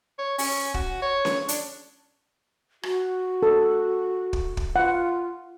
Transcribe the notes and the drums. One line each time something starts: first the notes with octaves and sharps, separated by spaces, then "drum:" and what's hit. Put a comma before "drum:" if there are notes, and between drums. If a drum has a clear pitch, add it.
C#5
C#4, drum: open hi-hat
F#4, drum: kick
C#5
drum: snare C#4
D4, drum: hi-hat
F#4, drum: rim click
A4
drum: kick
drum: kick
F4 F#5